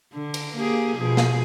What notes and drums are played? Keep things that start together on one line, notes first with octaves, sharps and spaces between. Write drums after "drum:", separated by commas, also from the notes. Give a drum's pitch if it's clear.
D3
drum: cymbal
A#3 G4 G#4
B2 F3 G#4
drum: snare